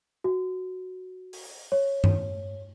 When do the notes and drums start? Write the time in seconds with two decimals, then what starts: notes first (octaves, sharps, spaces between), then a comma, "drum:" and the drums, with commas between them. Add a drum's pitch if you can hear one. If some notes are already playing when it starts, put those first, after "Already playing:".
0.24 F#4
1.33 drum: open hi-hat
1.72 C#5
2.04 drum: tom G2